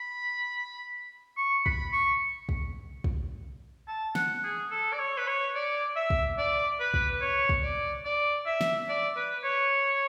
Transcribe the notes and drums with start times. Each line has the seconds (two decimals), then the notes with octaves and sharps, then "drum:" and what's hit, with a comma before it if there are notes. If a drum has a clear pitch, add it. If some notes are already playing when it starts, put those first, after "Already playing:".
Already playing: B5
1.37 C#6
1.66 B5, drum: kick
1.93 C#6
2.49 drum: kick
3.04 drum: kick
3.88 A5
4.15 F#5, drum: snare
4.44 G#4
4.71 A4
4.93 D5
4.99 C#5
5.18 B4
5.27 C#5
5.55 D5
5.96 E5
6.10 drum: kick
6.38 D5
6.80 B4
6.94 drum: kick
7.21 C#5
7.49 drum: kick
7.63 D5
8.05 D5
8.46 E5
8.61 drum: snare
8.89 D5
9.16 B4
9.44 C#5